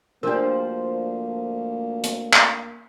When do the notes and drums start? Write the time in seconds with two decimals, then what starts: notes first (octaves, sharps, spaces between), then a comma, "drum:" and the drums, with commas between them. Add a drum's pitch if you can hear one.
0.23 D2 F3 G3 A#3 D4 A#4
2.04 drum: hi-hat
2.33 drum: clap